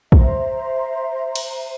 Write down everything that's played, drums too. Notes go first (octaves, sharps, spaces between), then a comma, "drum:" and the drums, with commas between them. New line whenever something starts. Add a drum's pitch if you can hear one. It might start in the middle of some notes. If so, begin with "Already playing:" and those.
C5 E5 A#5, drum: kick
drum: cymbal